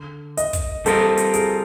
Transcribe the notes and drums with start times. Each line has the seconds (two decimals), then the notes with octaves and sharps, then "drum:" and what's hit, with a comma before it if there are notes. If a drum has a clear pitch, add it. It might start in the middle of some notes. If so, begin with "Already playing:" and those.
Already playing: D3
0.37 D#5, drum: hi-hat
0.53 drum: kick, hi-hat
0.86 G3 C4 F4 A4 A#4 D#5, drum: hi-hat
1.17 drum: hi-hat
1.34 G#4, drum: hi-hat